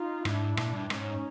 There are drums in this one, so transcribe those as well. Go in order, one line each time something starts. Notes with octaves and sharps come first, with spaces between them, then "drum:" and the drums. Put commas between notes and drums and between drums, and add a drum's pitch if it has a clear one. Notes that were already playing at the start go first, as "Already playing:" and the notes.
Already playing: D#4 F4
G#2 D4 E4, drum: rim click
A#2, drum: rim click
G2
G#2 C#4 D#4, drum: rim click